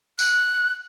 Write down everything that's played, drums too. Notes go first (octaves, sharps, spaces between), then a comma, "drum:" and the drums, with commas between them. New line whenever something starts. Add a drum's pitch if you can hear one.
F#6, drum: tambourine